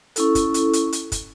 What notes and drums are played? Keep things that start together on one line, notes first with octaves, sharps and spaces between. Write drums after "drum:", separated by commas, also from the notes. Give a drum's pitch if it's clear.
C#4 E4 A4, drum: hi-hat
drum: kick, hi-hat
drum: hi-hat
drum: hi-hat
drum: hi-hat
drum: kick, hi-hat